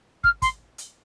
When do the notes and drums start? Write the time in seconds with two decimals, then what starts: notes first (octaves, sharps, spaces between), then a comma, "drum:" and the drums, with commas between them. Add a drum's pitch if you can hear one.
0.24 F6, drum: kick
0.42 C6, drum: kick, hi-hat
0.78 drum: hi-hat